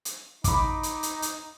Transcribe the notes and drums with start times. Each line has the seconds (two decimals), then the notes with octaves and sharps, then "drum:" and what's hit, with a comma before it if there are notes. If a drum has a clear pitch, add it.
0.05 drum: hi-hat
0.44 D#4 B5 D6, drum: kick, hi-hat
0.83 drum: hi-hat
1.03 drum: hi-hat
1.22 drum: hi-hat